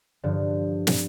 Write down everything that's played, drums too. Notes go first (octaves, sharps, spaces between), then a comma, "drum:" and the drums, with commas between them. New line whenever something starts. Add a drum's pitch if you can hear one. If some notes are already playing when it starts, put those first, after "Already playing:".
G2 D3 F3
drum: snare